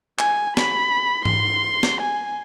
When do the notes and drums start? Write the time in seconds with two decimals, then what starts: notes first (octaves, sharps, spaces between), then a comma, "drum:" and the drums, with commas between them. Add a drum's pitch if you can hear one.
0.19 G#5, drum: clap
0.57 B5, drum: snare
1.25 C6, drum: tom G#2
1.83 drum: snare
2.01 G#5